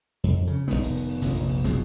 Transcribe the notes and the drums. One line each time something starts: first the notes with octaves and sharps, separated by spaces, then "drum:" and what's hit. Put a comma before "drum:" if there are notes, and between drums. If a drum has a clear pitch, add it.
F2
C#3
F1 D#2 D#3 B3
drum: kick, hi-hat
drum: hi-hat
drum: open hi-hat
F1 A#1, drum: hi-hat
drum: hi-hat
drum: open hi-hat
B1 F2 B2 G#3, drum: kick, hi-hat